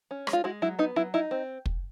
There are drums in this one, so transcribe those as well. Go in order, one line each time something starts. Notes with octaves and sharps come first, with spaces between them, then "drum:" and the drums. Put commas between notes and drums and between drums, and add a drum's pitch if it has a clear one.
C#4
G#3, drum: rim click
F4
G#3 E4 F#4
F#3 E4
B3 D#4
F#3 E4
D#4 E4
C4
drum: kick